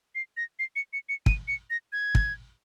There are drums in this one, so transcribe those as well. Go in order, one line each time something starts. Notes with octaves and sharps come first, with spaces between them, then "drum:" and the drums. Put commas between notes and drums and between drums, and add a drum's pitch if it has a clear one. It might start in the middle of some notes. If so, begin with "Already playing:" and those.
C7
A#6
C7
C#7
C#7
C#7
D#7, drum: kick
C#7
A#6
G#6
drum: kick